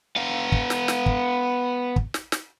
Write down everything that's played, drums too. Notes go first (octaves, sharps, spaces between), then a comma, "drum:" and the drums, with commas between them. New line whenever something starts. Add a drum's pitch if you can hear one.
B3 F5
drum: kick
drum: snare
drum: snare
drum: kick
drum: kick
drum: snare
drum: snare